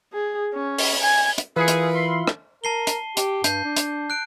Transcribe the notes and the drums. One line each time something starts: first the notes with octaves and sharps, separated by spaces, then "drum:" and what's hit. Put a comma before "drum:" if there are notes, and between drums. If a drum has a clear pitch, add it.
G#4
C#4
drum: open hi-hat
G#5
drum: hi-hat
E3 E4 F4 G#4 A#4 B4 C#7
drum: hi-hat
B5 C6
drum: rim click
A#4 A5 C7 G7
drum: hi-hat
G4, drum: hi-hat
G2 A5 G6 C7, drum: hi-hat
D4
drum: hi-hat
F#6 D7